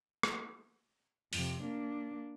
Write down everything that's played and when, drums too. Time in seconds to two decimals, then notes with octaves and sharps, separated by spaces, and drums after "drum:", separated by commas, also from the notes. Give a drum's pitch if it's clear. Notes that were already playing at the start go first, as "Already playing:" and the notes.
0.23 drum: rim click
1.33 F2 C3, drum: open hi-hat
1.62 A#3 D4